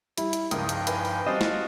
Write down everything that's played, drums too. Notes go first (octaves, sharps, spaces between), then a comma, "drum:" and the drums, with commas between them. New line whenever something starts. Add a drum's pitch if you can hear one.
G3 E4, drum: hi-hat
drum: hi-hat
C#2 G2 F3 D#4 A#4 G5 D#6, drum: hi-hat
drum: hi-hat
E4 B4 G#5, drum: hi-hat
drum: open hi-hat
G3 C4 F#4 D#5 F5 A5
drum: snare